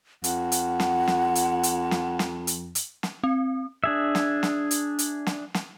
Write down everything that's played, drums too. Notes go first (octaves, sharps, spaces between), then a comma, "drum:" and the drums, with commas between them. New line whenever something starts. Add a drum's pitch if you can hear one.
F2 F#5, drum: hi-hat
drum: hi-hat
drum: snare
drum: snare
drum: hi-hat
drum: hi-hat
drum: snare
drum: snare
drum: hi-hat
drum: hi-hat
drum: snare
C4
D4 G#4 E5
drum: snare
drum: snare
drum: hi-hat
drum: hi-hat
drum: snare
drum: snare